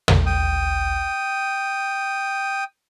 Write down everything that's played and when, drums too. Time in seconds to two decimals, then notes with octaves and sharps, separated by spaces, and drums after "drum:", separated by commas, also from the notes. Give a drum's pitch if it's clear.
0.08 drum: tom
0.26 G5 D#6